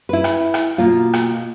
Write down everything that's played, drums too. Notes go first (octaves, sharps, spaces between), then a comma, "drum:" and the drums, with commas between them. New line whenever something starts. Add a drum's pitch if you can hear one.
E4 B4
drum: rim click
drum: rim click
B2 A#3 F4
drum: rim click